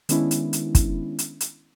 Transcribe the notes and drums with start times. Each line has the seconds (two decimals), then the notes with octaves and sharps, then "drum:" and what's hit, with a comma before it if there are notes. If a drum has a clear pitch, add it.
0.09 D#3 G#3 B3 C#4 D4 E4, drum: hi-hat
0.31 drum: hi-hat
0.53 drum: hi-hat
0.75 drum: kick, hi-hat
1.19 drum: hi-hat
1.41 drum: hi-hat